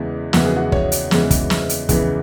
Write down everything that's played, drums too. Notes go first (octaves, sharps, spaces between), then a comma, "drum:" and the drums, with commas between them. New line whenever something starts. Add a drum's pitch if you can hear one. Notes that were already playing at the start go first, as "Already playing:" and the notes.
Already playing: E2 C#3 E3 G#3 B3 E4
E2 C#3 E3 G#3 B3 F#4, drum: snare
G#4
F#4
C#5, drum: kick
drum: hi-hat
E2 C#3 E3 G#3 B3, drum: snare
drum: kick, hi-hat
drum: snare
drum: hi-hat
E2 C#3 E3 G#3 B3, drum: kick, hi-hat